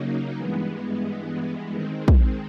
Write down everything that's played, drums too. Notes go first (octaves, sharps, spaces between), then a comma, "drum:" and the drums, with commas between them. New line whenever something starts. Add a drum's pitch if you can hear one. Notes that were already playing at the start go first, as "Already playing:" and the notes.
Already playing: C#3 F#3 A#3 D#4
G2 E3 G#3 B3
D#3 G#3 C4
drum: kick